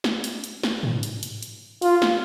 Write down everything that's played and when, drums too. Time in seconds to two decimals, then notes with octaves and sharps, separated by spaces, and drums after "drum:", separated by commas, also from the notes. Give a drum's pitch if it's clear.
0.04 drum: snare
0.24 drum: hi-hat
0.44 drum: hi-hat
0.63 drum: snare
0.83 drum: tom G#2
1.03 drum: hi-hat
1.23 drum: hi-hat
1.43 drum: hi-hat
1.82 F4, drum: open hi-hat
2.02 drum: snare